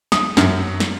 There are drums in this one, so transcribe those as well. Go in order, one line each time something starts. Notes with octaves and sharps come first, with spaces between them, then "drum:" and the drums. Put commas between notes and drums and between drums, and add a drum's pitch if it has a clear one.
D#6, drum: snare
F#2, drum: snare
drum: snare